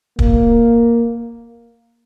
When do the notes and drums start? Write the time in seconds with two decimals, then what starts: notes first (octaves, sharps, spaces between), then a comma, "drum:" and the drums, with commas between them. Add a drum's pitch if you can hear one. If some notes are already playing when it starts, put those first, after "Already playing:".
0.19 A#3, drum: kick